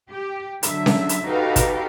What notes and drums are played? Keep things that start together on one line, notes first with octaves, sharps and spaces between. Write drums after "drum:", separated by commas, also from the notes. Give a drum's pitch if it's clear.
G4
D3 F#3 E5, drum: hi-hat
drum: snare C#4
drum: hi-hat
D#4 F#4 G4 A4 B4 F5
drum: kick, hi-hat